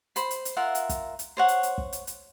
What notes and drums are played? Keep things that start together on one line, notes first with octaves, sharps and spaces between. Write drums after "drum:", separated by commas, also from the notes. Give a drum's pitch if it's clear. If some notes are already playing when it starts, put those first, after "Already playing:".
C5 B5, drum: hi-hat
drum: hi-hat
drum: hi-hat
F4 A#4 E5 F#5
drum: hi-hat
drum: kick, hi-hat
drum: hi-hat
C5 C#5 F#5
drum: hi-hat
drum: hi-hat
drum: kick
drum: hi-hat
drum: hi-hat